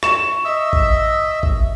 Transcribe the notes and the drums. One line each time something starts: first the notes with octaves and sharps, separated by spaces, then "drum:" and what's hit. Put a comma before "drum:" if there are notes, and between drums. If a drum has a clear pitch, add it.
C#6 E7, drum: rim click
D#5 E5 E6
drum: kick A1
drum: kick A1